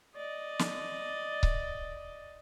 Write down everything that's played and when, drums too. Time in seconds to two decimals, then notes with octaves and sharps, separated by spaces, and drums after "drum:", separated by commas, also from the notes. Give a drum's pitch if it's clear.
0.16 D5 D#5
0.59 drum: snare
1.43 drum: kick C#1